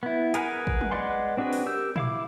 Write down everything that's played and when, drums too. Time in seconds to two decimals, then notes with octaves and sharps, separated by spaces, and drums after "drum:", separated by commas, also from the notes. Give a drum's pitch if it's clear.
0.03 B3 E4
0.34 G#4 A#4 B4 F#5 G#5, drum: hi-hat
0.67 drum: kick
0.81 drum: tom F#3
0.91 G#3 B4 D5 F#5 C6
1.37 C4 D4 F#4 G#4 B4
1.53 drum: open hi-hat
1.66 G4 A#4 E6 G6
1.96 E4 F5 D6, drum: tom A#2